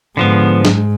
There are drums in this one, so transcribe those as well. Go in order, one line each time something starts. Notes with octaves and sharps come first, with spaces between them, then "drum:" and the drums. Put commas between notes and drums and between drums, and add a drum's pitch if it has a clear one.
G#2 D3 F3 B3
drum: snare